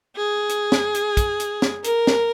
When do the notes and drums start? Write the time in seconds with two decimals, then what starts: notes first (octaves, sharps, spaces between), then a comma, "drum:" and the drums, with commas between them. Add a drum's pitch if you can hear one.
0.16 G#4
0.49 drum: hi-hat
0.72 drum: snare
0.95 drum: hi-hat
1.17 drum: kick, hi-hat
1.40 drum: hi-hat
1.62 drum: snare
1.84 A#4, drum: hi-hat
2.07 drum: snare